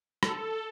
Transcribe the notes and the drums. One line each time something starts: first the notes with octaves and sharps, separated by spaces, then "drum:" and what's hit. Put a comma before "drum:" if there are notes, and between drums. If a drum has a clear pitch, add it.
A4, drum: rim click